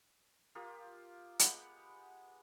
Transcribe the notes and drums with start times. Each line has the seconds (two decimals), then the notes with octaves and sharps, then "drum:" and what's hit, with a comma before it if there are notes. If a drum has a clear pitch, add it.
0.55 A#3 F4 G4 D#6
1.39 G#3 B3 G4 F#5, drum: hi-hat